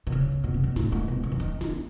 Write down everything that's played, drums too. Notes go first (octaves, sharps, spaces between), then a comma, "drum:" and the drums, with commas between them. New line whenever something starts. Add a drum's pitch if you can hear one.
B2
C#3
B2
C#3
B2
A2, drum: snare
G#2
B2
C#3
E3
D#3, drum: hi-hat
D#3, drum: snare